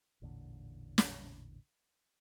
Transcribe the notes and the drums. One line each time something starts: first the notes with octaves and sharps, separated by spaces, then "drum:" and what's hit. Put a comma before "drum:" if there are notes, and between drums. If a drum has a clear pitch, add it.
A1 E2 A#2 D3
drum: snare